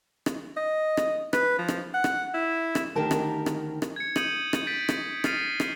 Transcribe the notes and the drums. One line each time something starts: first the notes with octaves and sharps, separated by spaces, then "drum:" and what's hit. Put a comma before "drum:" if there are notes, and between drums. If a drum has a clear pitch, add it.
drum: rim click
D#5
drum: rim click
B4, drum: rim click
F3
drum: rim click
F#5
drum: rim click
E4
drum: rim click
D2 D#3 G4 A#4 A5
drum: rim click
drum: rim click
drum: rim click
G#6 C#7
D#6 G6 D#7 F#7, drum: rim click
drum: rim click
G6 A6 B6 D7
drum: rim click
F6 G6 A6 C7 D#7 F7, drum: rim click
drum: rim click